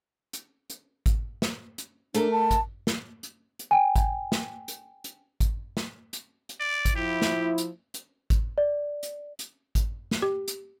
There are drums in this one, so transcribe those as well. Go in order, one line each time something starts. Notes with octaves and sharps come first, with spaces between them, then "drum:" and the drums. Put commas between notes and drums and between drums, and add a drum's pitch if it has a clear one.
drum: hi-hat
drum: hi-hat
drum: kick G#1, hi-hat
drum: snare
drum: hi-hat
A3 D4 A4 A#4, drum: hi-hat
A5
drum: kick G#1, hi-hat
drum: snare
drum: hi-hat
drum: hi-hat
G5 G#5
drum: kick G#1, hi-hat
drum: snare
drum: hi-hat
drum: hi-hat
drum: kick G#1, hi-hat
drum: snare
drum: hi-hat
drum: hi-hat
D5
drum: kick G#1, hi-hat
F3 E4 G4
drum: snare
drum: hi-hat
drum: hi-hat
drum: kick G#1, hi-hat
D5
drum: hi-hat
drum: hi-hat
drum: kick G#1, hi-hat
drum: snare
G4
drum: hi-hat